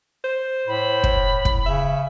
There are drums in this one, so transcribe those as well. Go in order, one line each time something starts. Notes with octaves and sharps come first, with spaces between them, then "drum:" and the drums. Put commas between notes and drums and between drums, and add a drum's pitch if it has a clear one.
C5
A2 B5
drum: kick
drum: kick
C#3 E5